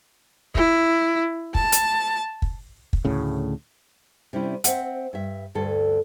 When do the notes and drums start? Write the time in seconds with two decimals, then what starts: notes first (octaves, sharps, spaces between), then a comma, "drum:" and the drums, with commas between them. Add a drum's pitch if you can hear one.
0.55 E4, drum: kick
1.55 A5, drum: kick
1.72 drum: hi-hat
2.42 drum: kick
2.93 drum: kick
3.05 D2 A2 C#3
4.33 C3 G3 C#4 D4 E4
4.64 C4 C5 E5 F#5, drum: hi-hat
5.13 G2 E5
5.55 D2 G2 D3 A4